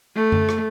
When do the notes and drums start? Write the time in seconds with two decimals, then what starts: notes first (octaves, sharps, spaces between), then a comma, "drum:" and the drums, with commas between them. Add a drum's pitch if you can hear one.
0.16 A3
0.32 drum: tom F#2
0.49 drum: rim click